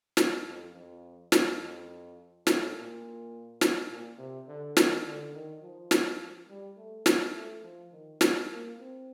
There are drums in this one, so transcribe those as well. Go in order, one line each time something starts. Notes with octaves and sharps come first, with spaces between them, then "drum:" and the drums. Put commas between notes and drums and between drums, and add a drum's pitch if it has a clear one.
drum: snare
F2
F2
F2, drum: snare
F2
A2, drum: snare
A#2
drum: snare
A#2
C3
D3
D#3, drum: snare
D3
D#3
F3
drum: snare
G3
A3
drum: snare
A3
F3
D#3
G3, drum: snare
A#3
C4